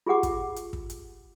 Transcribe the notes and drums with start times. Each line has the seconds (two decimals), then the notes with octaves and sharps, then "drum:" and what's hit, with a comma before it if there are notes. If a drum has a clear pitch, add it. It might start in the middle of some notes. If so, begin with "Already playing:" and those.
0.06 F4 G4 G#4 F#5 D6
0.23 drum: kick, hi-hat
0.56 drum: hi-hat
0.73 drum: kick
0.90 drum: hi-hat